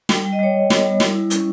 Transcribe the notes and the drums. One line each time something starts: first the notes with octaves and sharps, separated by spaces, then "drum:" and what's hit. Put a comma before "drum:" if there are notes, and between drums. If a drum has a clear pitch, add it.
G3 G5, drum: snare
G5
G3
D#5
G3 C#5
G3
B3, drum: snare
G3
E4, drum: snare
E4
C#4, drum: hi-hat